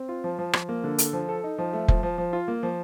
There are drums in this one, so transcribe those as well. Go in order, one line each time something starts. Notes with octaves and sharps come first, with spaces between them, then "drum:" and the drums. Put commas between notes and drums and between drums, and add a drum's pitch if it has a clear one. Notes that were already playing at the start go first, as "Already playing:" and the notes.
Already playing: C4
F4
F3
F3
F3, drum: rim click
A#3
D3
A4, drum: hi-hat
F3
A4
D#4
F3
A3
F3, drum: kick F1
F3
F3
F4
A#3
F3